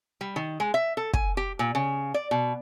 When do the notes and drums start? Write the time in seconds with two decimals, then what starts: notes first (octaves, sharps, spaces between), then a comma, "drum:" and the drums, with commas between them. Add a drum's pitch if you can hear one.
0.21 G3
0.36 D#3
0.60 G#3
0.74 E5
0.97 A4
1.13 G#5, drum: kick
1.37 G4
1.59 A#2
1.75 C#3
2.14 D5
2.31 B2